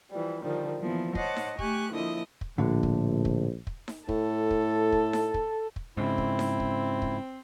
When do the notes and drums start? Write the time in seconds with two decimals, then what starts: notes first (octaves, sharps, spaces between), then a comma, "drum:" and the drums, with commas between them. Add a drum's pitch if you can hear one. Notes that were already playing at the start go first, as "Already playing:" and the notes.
0.11 E3 F3 G3
0.43 D3 D#3 F3 G3
0.81 E3 F3 A#3 B3
1.15 C5 C#5 D#5 F#5 A5 D6, drum: kick
1.36 drum: snare D#4
1.59 A3 G4 G#5 C#6 F#6, drum: kick
1.93 A#2 D3 F3 E4 D#5 D#6
2.41 drum: kick
2.58 A#1 A2 D3
2.83 drum: kick
3.25 drum: kick
3.67 drum: kick
3.88 drum: snare D#4
4.09 A2 A4, drum: kick
4.50 drum: kick
4.92 drum: kick
5.13 drum: snare D#4
5.34 drum: kick
5.76 drum: kick
5.97 G#2 C#3 C4 E4
6.18 drum: kick
6.39 drum: snare D#4
6.60 drum: kick
7.02 drum: kick